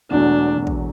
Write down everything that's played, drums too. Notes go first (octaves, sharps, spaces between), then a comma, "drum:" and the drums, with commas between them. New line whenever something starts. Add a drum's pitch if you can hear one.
E1 E2 B2 F#3 A3 D4
E1 E2 B2 F#3 A3
drum: kick A1